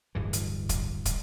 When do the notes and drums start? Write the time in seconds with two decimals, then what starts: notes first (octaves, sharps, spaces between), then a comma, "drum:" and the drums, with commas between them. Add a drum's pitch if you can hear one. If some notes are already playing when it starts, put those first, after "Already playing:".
0.15 D1 G2 E3
0.33 drum: hi-hat
0.69 drum: kick, hi-hat
1.05 drum: kick, hi-hat